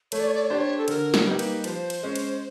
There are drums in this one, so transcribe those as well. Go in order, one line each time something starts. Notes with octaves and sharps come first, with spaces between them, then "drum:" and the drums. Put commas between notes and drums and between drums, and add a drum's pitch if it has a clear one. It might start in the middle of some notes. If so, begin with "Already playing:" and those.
A3 C#5, drum: cymbal
D5
C#5
D5
C#5
D4 G4 C5 D5
C#5
A4
D3 A#4, drum: cymbal
drum: snare
G3 A#3 D#4 G4 B4
drum: cymbal
F3 C5, drum: cymbal
drum: cymbal
G#3 C#4
drum: cymbal